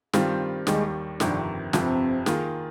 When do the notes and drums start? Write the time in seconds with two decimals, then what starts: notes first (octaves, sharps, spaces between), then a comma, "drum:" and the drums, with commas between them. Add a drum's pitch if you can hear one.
0.13 G2 D#3 G3 C4 F4, drum: snare
0.67 D#2 D#3 G3 G#3, drum: snare
1.20 G1 F2 C3 D#3 D4, drum: snare
1.73 G1 F2 C3 F3 C4, drum: snare
2.26 D#3 A#3 F4 G#4, drum: snare